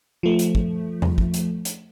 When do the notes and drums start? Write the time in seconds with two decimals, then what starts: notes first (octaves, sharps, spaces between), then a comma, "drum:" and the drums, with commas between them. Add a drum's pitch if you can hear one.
0.23 F3 A3
0.39 drum: hi-hat
0.55 drum: kick
1.02 drum: tom E2
1.18 drum: kick
1.34 drum: hi-hat
1.65 drum: hi-hat